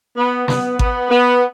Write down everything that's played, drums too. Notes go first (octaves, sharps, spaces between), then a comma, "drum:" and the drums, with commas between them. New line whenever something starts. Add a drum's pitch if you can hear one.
B3
B3, drum: snare
B3, drum: kick G#1
B3